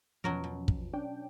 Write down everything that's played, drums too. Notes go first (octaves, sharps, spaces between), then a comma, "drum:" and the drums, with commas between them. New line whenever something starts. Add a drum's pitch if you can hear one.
E2 B2 F3 F#3 C#4 A#4
B2
drum: kick
C#4 D4 G5